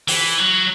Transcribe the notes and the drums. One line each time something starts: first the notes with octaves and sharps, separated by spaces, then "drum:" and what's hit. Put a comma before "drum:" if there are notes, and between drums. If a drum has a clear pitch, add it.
E3, drum: open hi-hat
F#3